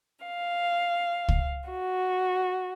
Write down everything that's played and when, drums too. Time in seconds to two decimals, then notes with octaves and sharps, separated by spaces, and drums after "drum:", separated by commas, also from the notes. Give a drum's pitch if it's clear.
0.26 F5
1.28 drum: kick
1.69 F#4